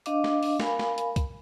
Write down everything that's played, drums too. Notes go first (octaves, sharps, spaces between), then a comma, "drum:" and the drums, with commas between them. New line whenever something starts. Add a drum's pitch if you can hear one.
D4 D#5 F5 D6, drum: hi-hat
drum: snare
drum: open hi-hat
A#4 F5 G#5 B5, drum: snare
drum: snare
drum: hi-hat
drum: kick C2, hi-hat